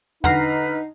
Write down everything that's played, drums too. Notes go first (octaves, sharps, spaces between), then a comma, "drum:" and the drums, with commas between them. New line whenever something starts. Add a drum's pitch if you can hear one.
D3 D#4 B4 F#5 A#5 F6 A#6 C7, drum: tom